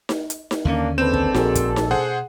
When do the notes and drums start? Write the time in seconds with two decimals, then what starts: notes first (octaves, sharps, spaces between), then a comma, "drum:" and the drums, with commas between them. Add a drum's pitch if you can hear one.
0.09 drum: snare D#4
0.30 drum: hi-hat
0.51 drum: snare D#4
0.65 D#2 D3 A#3 C#4 D4
0.98 G#2 C4 D4 A4 B4 G6 E7
1.14 drum: kick
1.34 A#1 F#4 G#4 A#4, drum: snare D#4
1.55 drum: kick, hi-hat
1.76 drum: snare D#4
1.91 B2 G#4 C5 F#5